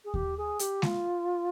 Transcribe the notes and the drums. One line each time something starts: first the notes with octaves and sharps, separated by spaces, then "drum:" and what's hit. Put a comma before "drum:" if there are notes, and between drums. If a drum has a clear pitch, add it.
G#4
G4, drum: kick D#2
G#4
G4, drum: hi-hat
F4, drum: snare G#3